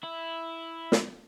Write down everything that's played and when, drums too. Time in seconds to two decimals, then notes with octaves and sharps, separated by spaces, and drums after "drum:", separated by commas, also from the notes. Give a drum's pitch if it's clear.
0.03 E4
0.92 drum: snare